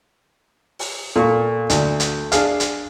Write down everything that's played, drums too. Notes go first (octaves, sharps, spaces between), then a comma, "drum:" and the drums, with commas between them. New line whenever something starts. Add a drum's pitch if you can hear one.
drum: open hi-hat
A#2 A4 C#6
D2, drum: hi-hat
drum: hi-hat
D4 G#4 F5, drum: hi-hat
drum: hi-hat